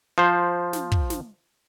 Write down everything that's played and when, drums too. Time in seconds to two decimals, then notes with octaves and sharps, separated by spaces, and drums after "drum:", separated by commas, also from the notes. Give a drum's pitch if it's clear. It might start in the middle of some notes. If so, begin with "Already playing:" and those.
0.18 F3 C5
0.73 drum: snare
0.92 drum: kick
1.10 drum: snare